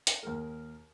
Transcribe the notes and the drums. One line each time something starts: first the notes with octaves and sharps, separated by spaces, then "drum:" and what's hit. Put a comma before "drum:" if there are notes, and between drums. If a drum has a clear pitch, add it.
drum: hi-hat
D#2 A#4